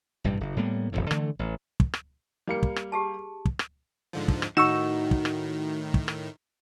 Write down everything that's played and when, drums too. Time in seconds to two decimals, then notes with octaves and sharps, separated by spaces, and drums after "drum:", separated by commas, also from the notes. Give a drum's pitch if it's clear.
0.24 A1 G2 C3 G3
0.41 F#1
0.57 A2 G3 A#3 B3
0.92 D1 A1 F2 A2
1.11 D3 E3 A3, drum: rim click
1.39 A1
1.80 drum: kick
1.94 drum: rim click
2.47 G3 A#3 C#7
2.63 drum: kick
2.76 drum: rim click
2.92 G4 G#4 A5
3.45 drum: kick
3.59 drum: rim click
4.13 G#2 D3 F3
4.28 drum: kick
4.42 drum: rim click
4.57 A2 D#3 D#4 F#4 C#6 E6 E7
5.11 drum: kick
5.25 drum: rim click
5.94 drum: kick
6.08 drum: rim click